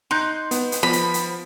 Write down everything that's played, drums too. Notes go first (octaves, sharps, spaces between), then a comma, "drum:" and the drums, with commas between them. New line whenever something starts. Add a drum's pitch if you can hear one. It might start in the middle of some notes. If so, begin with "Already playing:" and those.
D#4 C6 F#6 G6
B3, drum: hi-hat
drum: hi-hat
F3 B3 B5 B6
drum: hi-hat
drum: hi-hat